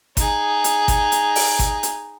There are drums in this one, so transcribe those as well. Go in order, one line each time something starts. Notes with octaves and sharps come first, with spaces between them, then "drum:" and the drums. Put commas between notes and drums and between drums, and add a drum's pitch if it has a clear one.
D#4 G#4, drum: kick G#1, hi-hat
drum: hi-hat
drum: kick G#1, hi-hat
drum: hi-hat
drum: open hi-hat
drum: kick G#1, hi-hat
drum: hi-hat